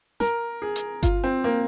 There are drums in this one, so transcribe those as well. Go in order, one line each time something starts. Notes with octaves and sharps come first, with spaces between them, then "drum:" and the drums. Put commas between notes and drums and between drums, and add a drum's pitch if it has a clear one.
A#4, drum: snare
G#4
drum: hi-hat
F4, drum: kick G1, hi-hat
C4
A#3